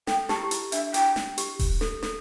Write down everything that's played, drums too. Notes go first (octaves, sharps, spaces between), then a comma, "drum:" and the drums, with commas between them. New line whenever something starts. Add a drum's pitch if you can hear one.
A4 G5, drum: snare
G4 A5, drum: snare
E4
G4
E4, drum: hi-hat
D4 E5, drum: hi-hat
E4 G5, drum: hi-hat
drum: snare
G4, drum: hi-hat
drum: kick D#1, open hi-hat
A4, drum: snare
A4, drum: snare